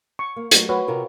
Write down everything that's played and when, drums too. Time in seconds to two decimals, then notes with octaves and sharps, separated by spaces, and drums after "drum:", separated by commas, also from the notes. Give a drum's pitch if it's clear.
0.19 C#6
0.36 A#3
0.51 F#3 A3 A#3, drum: hi-hat
0.69 F#4 B4 C#5
0.88 C3 F4 A#4